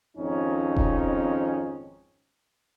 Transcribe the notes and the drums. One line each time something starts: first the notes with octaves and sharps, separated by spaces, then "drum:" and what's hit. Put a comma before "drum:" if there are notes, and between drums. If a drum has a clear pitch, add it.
G#1 F2 C#4 D#4
drum: kick E1